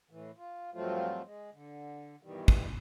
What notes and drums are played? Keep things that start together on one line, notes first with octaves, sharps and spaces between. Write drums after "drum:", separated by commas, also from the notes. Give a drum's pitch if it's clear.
A2 E3
F4
G2 F3 F#3 A3 C4 F4
G#3
D3
G2 B2 D#3 E3 G3
drum: kick